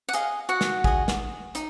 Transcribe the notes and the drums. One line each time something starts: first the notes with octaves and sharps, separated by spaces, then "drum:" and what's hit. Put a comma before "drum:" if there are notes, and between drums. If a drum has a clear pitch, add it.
F#5
G#4 D#5 F5, drum: hi-hat
F#4 F#5
drum: snare
G#4 D#5, drum: kick A1
drum: snare
D#4, drum: hi-hat